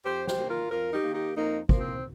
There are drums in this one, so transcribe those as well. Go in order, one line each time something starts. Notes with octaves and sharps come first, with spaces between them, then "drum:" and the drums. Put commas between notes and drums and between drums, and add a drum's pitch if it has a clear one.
F2 G4 C5
G4 C5, drum: snare
D#3 A#3
F4 A#4
F2 F4 A#4
D#4 G4
D#3 A#3
D#4 G4
F2 A#3 D#4
F3 A#3, drum: kick
C4